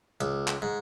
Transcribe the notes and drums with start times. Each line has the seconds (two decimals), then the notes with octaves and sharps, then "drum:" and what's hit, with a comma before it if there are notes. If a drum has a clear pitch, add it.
0.21 C#2, drum: hi-hat
0.48 drum: clap
0.62 G#2